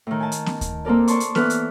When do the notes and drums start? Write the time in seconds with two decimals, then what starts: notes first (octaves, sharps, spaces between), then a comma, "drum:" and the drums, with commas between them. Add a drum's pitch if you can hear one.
0.07 A2 D#3
0.20 G#5 A5
0.32 drum: hi-hat
0.46 drum: snare B3
0.61 drum: kick D2, hi-hat
0.85 A#3 C4 A4 A#4 D5
1.08 D5 A5 C6 C#6, drum: hi-hat
1.20 drum: hi-hat
1.35 E3 B3 A4 B4 F6, drum: snare B3
1.50 drum: hi-hat